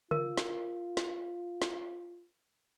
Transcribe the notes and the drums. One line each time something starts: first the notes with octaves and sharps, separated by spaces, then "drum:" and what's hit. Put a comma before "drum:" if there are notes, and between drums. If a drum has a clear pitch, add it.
F4 A#4, drum: tom C#3
drum: snare
drum: snare
drum: snare